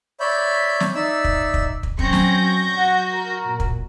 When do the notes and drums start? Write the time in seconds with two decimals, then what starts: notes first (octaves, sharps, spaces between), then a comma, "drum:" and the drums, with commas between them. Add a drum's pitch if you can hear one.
0.20 C#5 D5 E5 B5 G6
0.80 drum: snare
0.95 D#4 D5 E5 E6
1.24 drum: kick
1.54 drum: kick
1.83 drum: kick
1.99 F#3 C4 C#4 C#6 G6 A#6, drum: kick
2.13 drum: snare
2.77 F#4 F#5
3.11 A#4
3.43 A#2
3.60 drum: kick